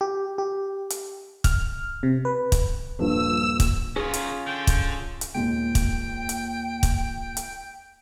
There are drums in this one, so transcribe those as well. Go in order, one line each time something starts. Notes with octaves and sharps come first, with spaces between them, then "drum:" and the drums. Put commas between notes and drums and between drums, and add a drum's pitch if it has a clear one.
G4
G4
drum: hi-hat
F6, drum: kick, hi-hat
C3
B4
drum: kick, hi-hat
D#1 G2 F3 E6
drum: kick, hi-hat
F#2 D#3 C#4 F4 G#4
drum: hi-hat
D3 G5
drum: kick, hi-hat
drum: hi-hat
D#2 A#2 G#3 G5
drum: kick, hi-hat
drum: hi-hat
drum: kick, hi-hat
drum: hi-hat